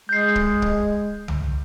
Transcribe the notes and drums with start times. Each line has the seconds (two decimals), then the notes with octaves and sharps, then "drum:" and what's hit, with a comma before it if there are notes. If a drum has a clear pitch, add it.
0.09 G#3 G6 C7
0.36 drum: kick
0.62 drum: kick
1.28 drum: tom C2